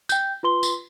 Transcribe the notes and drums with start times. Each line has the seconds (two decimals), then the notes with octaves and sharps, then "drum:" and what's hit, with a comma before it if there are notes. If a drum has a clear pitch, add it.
0.09 G5 G6, drum: tambourine
0.43 F4 B4 C6 G7
0.63 drum: tambourine